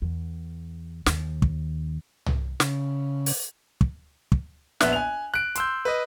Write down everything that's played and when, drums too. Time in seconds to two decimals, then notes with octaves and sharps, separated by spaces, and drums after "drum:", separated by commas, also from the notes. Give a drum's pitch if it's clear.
0.02 E2
1.06 D#2, drum: snare
1.42 drum: kick
2.26 drum: tom C2
2.60 C#3, drum: snare
3.26 drum: open hi-hat
3.81 drum: kick
4.32 drum: kick
4.81 A#1 B3 E5 F#6, drum: snare
4.93 G#5 F7
5.34 F#6 D7
5.55 C6 E6 G6, drum: hi-hat
5.85 B4 D#5